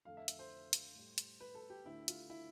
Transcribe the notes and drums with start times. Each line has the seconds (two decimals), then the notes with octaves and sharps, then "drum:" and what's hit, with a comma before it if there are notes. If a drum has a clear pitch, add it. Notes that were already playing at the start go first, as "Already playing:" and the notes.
0.05 F2 D3 A3 F5
0.17 E5
0.28 drum: hi-hat
0.39 C5
0.73 drum: hi-hat
0.95 A2 G3
1.18 drum: hi-hat
1.40 B4
1.55 A4
1.70 G4
1.84 D2 D3 A3 E4
2.08 F4, drum: hi-hat
2.30 E4